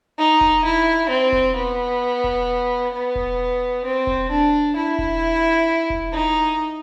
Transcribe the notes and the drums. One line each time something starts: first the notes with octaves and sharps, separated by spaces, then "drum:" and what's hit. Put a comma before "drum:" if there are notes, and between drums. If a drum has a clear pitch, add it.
D#4
drum: kick E1
E4
C4
drum: kick E1
B3
drum: kick E1
B3
drum: kick E1
C4
drum: kick E1
D4
E4
drum: kick E1
drum: kick E1
D#4